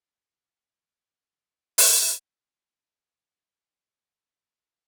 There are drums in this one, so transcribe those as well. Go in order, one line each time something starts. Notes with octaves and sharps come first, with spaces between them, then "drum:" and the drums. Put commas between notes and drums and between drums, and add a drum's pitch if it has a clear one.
C#3
C5 E6 F6
F#2
C4 A4
D#3 A#5 B5
G4
drum: open hi-hat
B3 A#4 E5